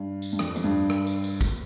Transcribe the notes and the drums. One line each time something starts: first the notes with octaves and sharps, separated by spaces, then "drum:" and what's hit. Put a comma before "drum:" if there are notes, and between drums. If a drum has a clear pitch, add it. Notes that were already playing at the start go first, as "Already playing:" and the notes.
Already playing: G2
drum: tambourine
G2
F2, drum: rim click
F2, drum: tambourine
G2
drum: rim click
drum: tambourine
drum: tambourine
drum: kick, tambourine